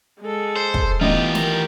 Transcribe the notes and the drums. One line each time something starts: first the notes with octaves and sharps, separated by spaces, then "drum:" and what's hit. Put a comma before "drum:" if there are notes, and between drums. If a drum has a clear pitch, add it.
G#3 A4
C5
drum: kick
E3 A3 B3 D#4 F4 G4 D#5
D#3 A#5, drum: snare